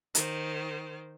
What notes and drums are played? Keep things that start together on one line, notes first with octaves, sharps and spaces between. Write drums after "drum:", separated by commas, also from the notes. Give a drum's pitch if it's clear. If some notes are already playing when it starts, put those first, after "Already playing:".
D#3 C5, drum: hi-hat